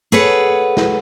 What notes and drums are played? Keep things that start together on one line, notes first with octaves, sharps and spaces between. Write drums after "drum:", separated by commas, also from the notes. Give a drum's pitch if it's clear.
G#4 A4 B4 C#5 F#5
drum: snare